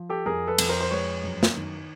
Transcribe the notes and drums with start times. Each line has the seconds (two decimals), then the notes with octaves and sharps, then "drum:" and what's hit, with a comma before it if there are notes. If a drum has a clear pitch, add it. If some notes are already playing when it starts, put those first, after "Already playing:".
Already playing: F3
0.10 G4 A4
0.26 F2 G#4 A#4
0.47 A4 B4
0.58 F2, drum: cymbal
0.69 A#4 C5
0.81 C5
0.91 G#3 B4 C#5
1.24 F#2
1.43 drum: snare
1.56 D#3